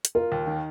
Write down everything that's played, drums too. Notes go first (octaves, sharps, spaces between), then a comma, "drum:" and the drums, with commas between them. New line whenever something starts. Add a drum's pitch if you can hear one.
drum: hi-hat
F4 A#4
D#2
D#3